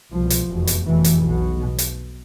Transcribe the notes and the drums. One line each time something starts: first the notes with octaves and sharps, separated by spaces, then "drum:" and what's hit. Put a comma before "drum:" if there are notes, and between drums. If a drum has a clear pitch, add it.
C2 B2 F3
drum: hi-hat
F1 E2 B2
drum: hi-hat
F1 E2 B2 E3
drum: hi-hat
B1 B2
drum: hi-hat